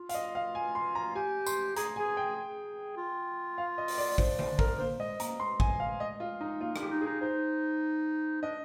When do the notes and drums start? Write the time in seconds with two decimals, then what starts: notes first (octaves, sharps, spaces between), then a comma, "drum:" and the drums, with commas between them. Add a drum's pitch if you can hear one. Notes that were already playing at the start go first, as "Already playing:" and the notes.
Already playing: F4
0.09 F5, drum: hi-hat
0.14 D#5
0.35 F5
0.55 G#5
0.75 C6
0.95 A#5
1.15 G4 G#5
1.46 C6, drum: tambourine
1.76 G#4 A#5, drum: hi-hat
1.96 G#5
1.99 G#4
2.17 G5
2.36 G#4
2.97 F4
3.58 F5
3.78 D#5
3.88 drum: open hi-hat
3.98 D5
4.18 D4 C5, drum: kick
4.39 C5, drum: tom D3
4.59 A#4, drum: kick
4.79 A#3 C5
4.99 G#3 D#5
5.20 A#3 A#5, drum: hi-hat
5.40 G#3 C6
5.60 G#5, drum: kick
5.80 F5
6.00 D#5
6.20 F4
6.41 D#4
6.61 A#3 F4
6.76 D4, drum: rim click
6.81 G4
6.91 D#4
7.01 G#4
7.06 D#4
7.21 D#4 C5
8.42 D4 D#5